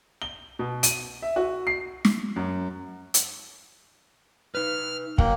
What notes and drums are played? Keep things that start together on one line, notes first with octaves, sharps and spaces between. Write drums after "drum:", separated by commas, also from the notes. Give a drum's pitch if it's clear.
G7
B2
D#7, drum: hi-hat
E5
F#4
C7
drum: snare
F#2
drum: hi-hat
D#4 B4 F6
F#3 A#3 F#5 G5, drum: kick